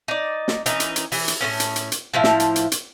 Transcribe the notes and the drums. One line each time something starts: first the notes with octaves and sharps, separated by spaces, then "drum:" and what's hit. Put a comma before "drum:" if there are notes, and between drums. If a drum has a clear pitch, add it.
D#4 D5
drum: snare
E3 C#4 D#4 D#5, drum: hi-hat
drum: hi-hat
drum: hi-hat
E3, drum: open hi-hat
drum: hi-hat
A2 B3 C#4
drum: hi-hat
drum: hi-hat
drum: hi-hat
A2 F3 E4 F5
drum: snare
drum: hi-hat
drum: hi-hat
drum: hi-hat